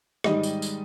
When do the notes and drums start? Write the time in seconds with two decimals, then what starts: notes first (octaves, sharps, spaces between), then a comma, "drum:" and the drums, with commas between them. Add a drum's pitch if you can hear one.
0.24 G#2 D#3 G3 D#5, drum: rim click
0.43 drum: tambourine
0.62 drum: tambourine